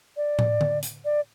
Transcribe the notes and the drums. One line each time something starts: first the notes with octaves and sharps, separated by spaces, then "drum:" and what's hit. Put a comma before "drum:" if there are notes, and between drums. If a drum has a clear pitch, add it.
D5
drum: tom
drum: tom D3
drum: hi-hat
D5